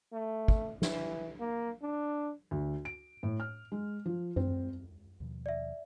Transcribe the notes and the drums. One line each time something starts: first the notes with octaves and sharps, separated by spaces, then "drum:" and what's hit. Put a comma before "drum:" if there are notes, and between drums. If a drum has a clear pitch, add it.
A3
drum: kick
E3, drum: snare
A#3
D4
D2
D7
A2
F6
G#3
F3
C4, drum: tom F#2
D#2 B2 F3
D5 E5